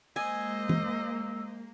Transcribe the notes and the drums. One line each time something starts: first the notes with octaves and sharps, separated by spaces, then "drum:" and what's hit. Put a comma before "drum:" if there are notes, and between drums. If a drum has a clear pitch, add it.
G#3 A#3 C5 D#5 G#5 E6, drum: open hi-hat
drum: tom E3